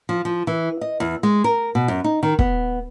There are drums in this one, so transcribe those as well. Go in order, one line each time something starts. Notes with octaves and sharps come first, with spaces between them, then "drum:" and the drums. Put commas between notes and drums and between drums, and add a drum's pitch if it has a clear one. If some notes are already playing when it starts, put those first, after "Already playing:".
F3
F3
E3
D#5
E2
G#3
A#4
B2
F#2
D#4
D#3
B3, drum: kick